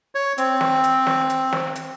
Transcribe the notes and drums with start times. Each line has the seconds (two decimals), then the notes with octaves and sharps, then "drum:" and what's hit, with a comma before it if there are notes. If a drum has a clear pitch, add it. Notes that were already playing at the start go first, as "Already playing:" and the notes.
0.15 C#5
0.38 C4, drum: hi-hat
0.61 drum: snare
0.84 drum: hi-hat
1.07 drum: snare
1.30 drum: hi-hat
1.53 drum: snare
1.75 drum: hi-hat